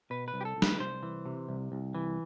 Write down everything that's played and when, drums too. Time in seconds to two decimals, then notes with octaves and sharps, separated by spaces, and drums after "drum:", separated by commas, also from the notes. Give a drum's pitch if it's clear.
0.10 B2 B4
0.28 B4
0.34 C2
0.41 G4
0.45 A4
0.57 C2
0.62 B4, drum: snare
0.80 C2 C5
1.03 E3
1.26 C3
1.49 C2
1.72 C2
1.95 E3